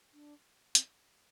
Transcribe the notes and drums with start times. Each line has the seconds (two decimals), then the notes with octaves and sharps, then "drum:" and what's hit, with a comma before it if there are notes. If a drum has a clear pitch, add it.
0.13 D4
0.75 C4, drum: hi-hat